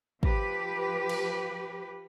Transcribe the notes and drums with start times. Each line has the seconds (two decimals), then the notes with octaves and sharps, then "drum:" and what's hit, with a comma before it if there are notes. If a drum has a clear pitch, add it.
0.23 F3 G4 B4, drum: kick
1.09 drum: cymbal